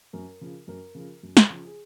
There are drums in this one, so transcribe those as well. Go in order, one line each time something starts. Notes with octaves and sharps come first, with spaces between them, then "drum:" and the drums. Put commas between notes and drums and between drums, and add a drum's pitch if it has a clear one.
F#2 A#4
C#3 F3
F#2 A#4
C#3 F3
F#2
drum: snare
C#3 F3
G#4